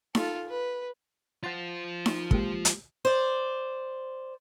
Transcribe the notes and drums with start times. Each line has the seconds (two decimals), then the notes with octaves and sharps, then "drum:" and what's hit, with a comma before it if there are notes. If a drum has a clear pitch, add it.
0.15 F4 A4, drum: snare D#4
0.49 B4
1.44 F4 C5 F#5 C6 A6
2.06 drum: snare D#4
2.31 G#3 A#3 G4, drum: kick
2.65 drum: hi-hat
3.05 C5 D5